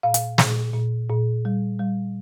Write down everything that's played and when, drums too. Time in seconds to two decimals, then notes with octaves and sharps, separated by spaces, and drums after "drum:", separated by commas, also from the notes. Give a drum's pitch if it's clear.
0.03 A#2 F5
0.14 drum: hi-hat
0.38 A#2, drum: snare
0.73 A#2
1.09 A#2
1.45 G3
1.80 G3